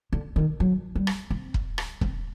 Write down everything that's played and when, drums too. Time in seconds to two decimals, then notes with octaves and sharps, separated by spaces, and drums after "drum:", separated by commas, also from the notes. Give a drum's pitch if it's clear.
0.13 D3
0.36 D#3
0.60 F#3
0.95 G3
1.07 drum: rim click
1.30 C4
1.54 drum: kick
1.78 drum: rim click
2.01 C4, drum: kick